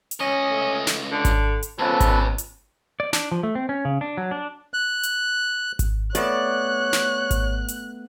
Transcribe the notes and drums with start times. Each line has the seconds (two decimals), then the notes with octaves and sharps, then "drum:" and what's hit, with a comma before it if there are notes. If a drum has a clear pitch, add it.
0.11 drum: hi-hat
0.20 C#2 C#4 D#5
0.49 A3
0.87 drum: snare
1.12 D3 A4
1.25 drum: kick G#1, hi-hat
1.63 drum: hi-hat
1.79 C#2 B2 F3 A4 B4
2.00 drum: kick G#1, hi-hat
2.38 drum: hi-hat
3.00 D5
3.13 D4, drum: snare
3.32 F3
3.43 A3
3.55 C4
3.69 C#4
3.85 C#3
4.01 D4
4.17 F#3
4.31 D4
4.74 F#6
5.03 drum: hi-hat
5.79 drum: kick G#1, hi-hat
6.15 A3 B3 C#5 D5 F#6, drum: hi-hat
6.93 drum: snare
7.31 drum: kick G#1, hi-hat
7.68 drum: hi-hat